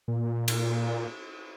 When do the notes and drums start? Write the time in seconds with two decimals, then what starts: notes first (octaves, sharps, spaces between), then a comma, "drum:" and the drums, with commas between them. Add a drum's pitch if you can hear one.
0.08 A#2
0.48 drum: cymbal